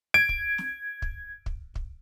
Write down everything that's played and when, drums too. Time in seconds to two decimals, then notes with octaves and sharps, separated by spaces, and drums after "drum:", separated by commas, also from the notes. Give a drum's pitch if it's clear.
0.14 G#6 D7
0.29 drum: kick
0.58 drum: snare
1.02 drum: kick
1.46 drum: kick
1.75 drum: kick